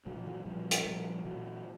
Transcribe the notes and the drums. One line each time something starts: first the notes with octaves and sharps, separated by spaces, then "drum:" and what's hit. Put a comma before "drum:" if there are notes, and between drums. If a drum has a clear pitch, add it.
A#2 F#3
F3
E3 F#3
A#2 F3 G3
drum: hi-hat
A#2 F3 G3
A#2 E3 F#3